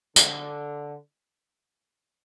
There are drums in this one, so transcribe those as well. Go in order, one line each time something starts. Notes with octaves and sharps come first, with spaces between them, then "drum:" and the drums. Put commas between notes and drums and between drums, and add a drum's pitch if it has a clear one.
D3, drum: tambourine